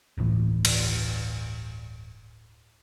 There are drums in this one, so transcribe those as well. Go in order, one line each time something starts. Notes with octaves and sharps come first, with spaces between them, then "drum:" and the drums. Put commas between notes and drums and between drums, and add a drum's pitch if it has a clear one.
D1 G1 A2 E3
drum: cymbal